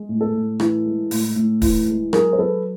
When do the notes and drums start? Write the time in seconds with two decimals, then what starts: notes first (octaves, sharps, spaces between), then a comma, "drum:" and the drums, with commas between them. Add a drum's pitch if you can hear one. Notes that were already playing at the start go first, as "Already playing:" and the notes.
Already playing: G#3
0.09 A2
0.21 A4
0.35 A2
0.60 E3, drum: rim click
0.85 G#3
1.11 A2, drum: open hi-hat
1.36 A2
1.62 E3, drum: kick, open hi-hat
1.88 G#3
2.13 F#3 G#4 A#4, drum: rim click
2.33 C5
2.38 F#3 A4 B4